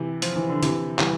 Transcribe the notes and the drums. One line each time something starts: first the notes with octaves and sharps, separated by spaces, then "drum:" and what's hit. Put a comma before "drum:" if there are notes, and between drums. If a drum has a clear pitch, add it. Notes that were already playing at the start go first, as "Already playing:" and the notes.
Already playing: C3 E3
F3, drum: hi-hat
E3
D3
C3 E3, drum: hi-hat
E3 G3, drum: clap